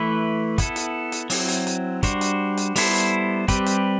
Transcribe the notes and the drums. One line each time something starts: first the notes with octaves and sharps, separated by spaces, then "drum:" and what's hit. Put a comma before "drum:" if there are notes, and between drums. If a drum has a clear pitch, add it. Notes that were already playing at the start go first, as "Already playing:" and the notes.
Already playing: E3 A3 E4 B4
B3 E4 A4, drum: kick, hi-hat
drum: hi-hat
drum: hi-hat
F#3 C4 E4, drum: open hi-hat
drum: hi-hat
drum: hi-hat
G3 D4 F#4 C5, drum: kick, hi-hat
drum: hi-hat
drum: hi-hat
G3 B3 E4 A4 C5, drum: open hi-hat
drum: hi-hat
G3 C4 G4 B4, drum: kick, hi-hat
drum: hi-hat